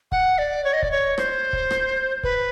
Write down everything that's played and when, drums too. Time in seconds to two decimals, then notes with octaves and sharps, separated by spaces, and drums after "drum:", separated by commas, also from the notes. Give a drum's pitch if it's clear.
0.12 F#5, drum: kick
0.38 D5
0.64 C#5
0.73 D#5
0.82 D5, drum: kick
0.91 C#5
1.18 C5, drum: rim click
1.53 drum: kick
1.71 drum: rim click
2.23 B4, drum: kick